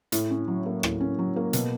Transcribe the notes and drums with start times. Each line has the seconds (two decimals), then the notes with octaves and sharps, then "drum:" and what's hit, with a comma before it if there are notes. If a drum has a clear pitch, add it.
0.12 A2, drum: hi-hat
0.30 C#4
0.48 F#3
0.66 A#3
0.83 A2, drum: rim click
1.01 C#4
1.19 F#3
1.36 A#3
1.53 B2, drum: hi-hat